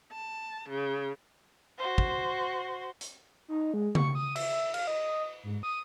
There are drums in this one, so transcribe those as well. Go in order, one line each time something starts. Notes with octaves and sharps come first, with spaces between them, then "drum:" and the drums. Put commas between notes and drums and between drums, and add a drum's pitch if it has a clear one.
A5
C#3
F#4 C5
drum: kick
drum: hi-hat
D#4
G#3
C#6, drum: tom C#3
D#6
E5, drum: cymbal
F5, drum: cymbal
D#5
G#2
D#6